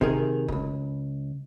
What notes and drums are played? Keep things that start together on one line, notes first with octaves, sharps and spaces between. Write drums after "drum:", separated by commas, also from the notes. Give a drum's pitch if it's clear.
C3 D#3 G#4 A#4, drum: kick F#1
C#2 G#2, drum: kick F#1